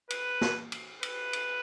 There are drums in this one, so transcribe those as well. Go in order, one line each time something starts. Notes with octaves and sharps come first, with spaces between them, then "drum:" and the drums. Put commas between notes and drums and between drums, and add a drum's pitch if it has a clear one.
B4, drum: cymbal
drum: snare
drum: cymbal
B4, drum: cymbal
drum: cymbal